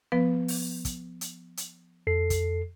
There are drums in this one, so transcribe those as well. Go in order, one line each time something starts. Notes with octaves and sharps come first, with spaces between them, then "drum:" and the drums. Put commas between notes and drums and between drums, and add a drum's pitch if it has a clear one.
F3 B3 B4
drum: open hi-hat
drum: kick, hi-hat
drum: hi-hat
drum: hi-hat
F2 A4 C7
drum: kick, hi-hat